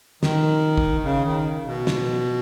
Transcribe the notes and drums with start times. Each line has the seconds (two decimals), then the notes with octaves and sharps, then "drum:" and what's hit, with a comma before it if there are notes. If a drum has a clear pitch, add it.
0.23 D#3, drum: snare
0.78 drum: kick
1.04 C#3
1.26 D#3
1.67 B2
1.87 drum: snare